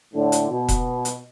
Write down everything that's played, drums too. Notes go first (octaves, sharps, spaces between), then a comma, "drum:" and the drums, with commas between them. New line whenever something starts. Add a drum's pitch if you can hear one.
A2 D3
drum: hi-hat
B2
drum: kick E1, hi-hat
drum: hi-hat